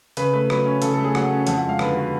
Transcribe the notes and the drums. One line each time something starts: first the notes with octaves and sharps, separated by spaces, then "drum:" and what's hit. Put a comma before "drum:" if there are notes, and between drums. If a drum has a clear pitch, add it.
C#3 B4, drum: hi-hat
A3 B4
F#3 B4, drum: rim click
C#4
C#3 A4, drum: hi-hat
A4
A3
G#4
F#3 F#5, drum: rim click
C#4
F2 F#5, drum: hi-hat
F#5
G#3 F5
D3 B4, drum: rim click
B3 F#4